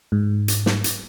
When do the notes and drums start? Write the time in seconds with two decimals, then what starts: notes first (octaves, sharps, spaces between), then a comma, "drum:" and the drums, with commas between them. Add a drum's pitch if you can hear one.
0.12 G#2
0.48 drum: hi-hat
0.66 drum: snare
0.84 drum: hi-hat